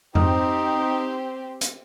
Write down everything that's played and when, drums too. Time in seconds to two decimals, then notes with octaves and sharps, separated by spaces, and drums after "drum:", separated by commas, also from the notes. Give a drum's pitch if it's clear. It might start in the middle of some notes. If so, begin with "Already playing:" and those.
0.15 C4 D#4 G4 C5, drum: tom F2
1.61 drum: hi-hat